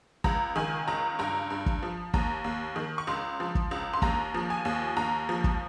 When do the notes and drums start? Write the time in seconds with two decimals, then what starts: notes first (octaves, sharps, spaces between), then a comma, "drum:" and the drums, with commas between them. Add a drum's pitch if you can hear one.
0.24 C#2 A#5, drum: kick
0.56 D#3 G#5
0.88 C#2 A#5
1.19 G2 A#5
1.50 G2
1.66 drum: kick
1.83 F3
2.14 D#2 A#5, drum: kick
2.44 D#2
2.76 D#3
2.98 C#6
3.07 C#2 C6
3.40 F3
3.55 drum: kick
3.71 C#2
3.94 C6
4.02 D#2 A#5, drum: kick
4.34 F3
4.50 G#5
4.65 D#2
4.96 D#2 A#5
5.29 F3
5.44 drum: kick